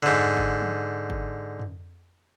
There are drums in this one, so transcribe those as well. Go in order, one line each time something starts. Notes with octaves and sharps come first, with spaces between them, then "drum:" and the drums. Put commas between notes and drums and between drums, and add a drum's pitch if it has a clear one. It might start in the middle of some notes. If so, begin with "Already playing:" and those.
G#2 D3, drum: tom
drum: kick G1
drum: tom
drum: kick G1
drum: tom